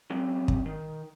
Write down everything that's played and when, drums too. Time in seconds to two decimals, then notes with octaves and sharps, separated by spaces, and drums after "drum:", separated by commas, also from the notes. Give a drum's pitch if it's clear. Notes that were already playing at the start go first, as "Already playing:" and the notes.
0.10 F#3 G3 C4 C#4
0.48 drum: kick
0.66 D#3